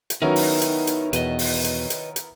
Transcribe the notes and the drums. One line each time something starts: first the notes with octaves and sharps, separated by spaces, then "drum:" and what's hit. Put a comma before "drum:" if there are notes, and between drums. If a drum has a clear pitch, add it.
drum: hi-hat
D#3 F#3 B3 C#4 D#4 E4 A#4
drum: open hi-hat
drum: hi-hat
drum: hi-hat
E2 B2 B4 D#5, drum: hi-hat
drum: open hi-hat
drum: hi-hat
drum: hi-hat
drum: hi-hat